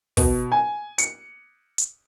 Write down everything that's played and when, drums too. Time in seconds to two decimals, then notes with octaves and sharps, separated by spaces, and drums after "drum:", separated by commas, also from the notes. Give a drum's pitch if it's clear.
0.17 B2, drum: kick, open hi-hat
0.52 G#5
0.98 C#7, drum: hi-hat
1.78 drum: hi-hat